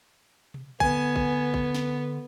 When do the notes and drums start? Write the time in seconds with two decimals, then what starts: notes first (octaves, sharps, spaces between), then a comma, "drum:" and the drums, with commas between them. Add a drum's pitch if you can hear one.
0.54 drum: tom B2
0.80 D3 B3 G#5, drum: kick A1
1.16 drum: kick A1
1.54 drum: kick A1
1.74 drum: snare